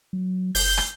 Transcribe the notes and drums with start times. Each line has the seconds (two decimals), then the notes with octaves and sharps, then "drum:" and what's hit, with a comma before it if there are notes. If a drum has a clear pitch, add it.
0.13 F#3
0.55 F#1 G6, drum: open hi-hat
0.78 drum: rim click